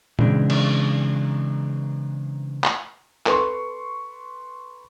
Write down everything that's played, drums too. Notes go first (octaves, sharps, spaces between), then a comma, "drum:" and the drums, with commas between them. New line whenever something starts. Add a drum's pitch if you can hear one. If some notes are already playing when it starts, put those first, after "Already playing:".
C#3 E3 G#3 C4 D4, drum: tom A#2
drum: cymbal
drum: clap
A4 B4 C6 C#6, drum: clap